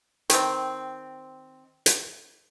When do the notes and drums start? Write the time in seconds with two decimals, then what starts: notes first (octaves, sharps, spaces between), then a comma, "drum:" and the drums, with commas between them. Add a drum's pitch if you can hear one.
0.30 D#3 C4, drum: hi-hat
1.86 drum: hi-hat